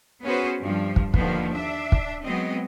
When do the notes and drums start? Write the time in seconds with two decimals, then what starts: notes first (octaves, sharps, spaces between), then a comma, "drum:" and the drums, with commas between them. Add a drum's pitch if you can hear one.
0.23 B3 C#4 F#4 G#4 B4 C5
0.59 G2 F3
0.96 drum: kick
1.14 D#2 D3 D#3 F3 A#3 B3, drum: kick
1.52 D4 E5
1.92 drum: kick
2.24 F#3 G#3 B3 C4 D#5